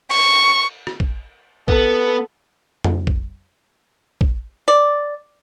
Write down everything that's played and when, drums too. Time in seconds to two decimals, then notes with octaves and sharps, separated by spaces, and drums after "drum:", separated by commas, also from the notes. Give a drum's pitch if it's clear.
0.11 C#6, drum: cymbal
0.87 drum: rim click
1.00 drum: kick
1.68 B3 A4, drum: kick
2.84 drum: tom F2
3.07 drum: kick
4.21 drum: kick
4.68 D5